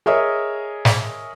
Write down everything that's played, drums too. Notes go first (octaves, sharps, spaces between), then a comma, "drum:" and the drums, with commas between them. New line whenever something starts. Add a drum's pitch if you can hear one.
G#4 A#4 C#5 D#5 E5 D#6
drum: snare